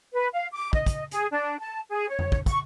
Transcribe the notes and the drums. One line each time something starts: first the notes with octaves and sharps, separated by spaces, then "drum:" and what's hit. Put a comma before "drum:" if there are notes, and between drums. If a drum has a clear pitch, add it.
B4
F5
D6
D#5, drum: kick
drum: kick, hi-hat
G#4, drum: hi-hat
D4
A5
G#4
C#5
drum: tom F2
drum: kick
C#6, drum: kick, hi-hat